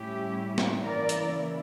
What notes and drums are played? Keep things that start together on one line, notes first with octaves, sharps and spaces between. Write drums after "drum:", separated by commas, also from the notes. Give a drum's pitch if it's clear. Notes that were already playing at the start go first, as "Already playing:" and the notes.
Already playing: A2 G3 C#4 E4 G4
drum: snare
C#3 E3 A#3 E4 A#4 D5
drum: hi-hat